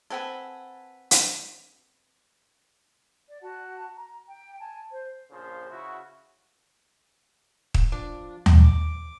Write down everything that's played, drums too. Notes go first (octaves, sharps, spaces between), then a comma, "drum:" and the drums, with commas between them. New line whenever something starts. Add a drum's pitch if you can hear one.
C4 A4 B4 F#5 G#5
drum: hi-hat
D5
F#4 F#5 A5
A#5
G5
G#5 A5
C5
A#1 C#3 F3 C5
C#3 E4 F#4
drum: kick
F3 D4 F4
drum: tom D#2
D6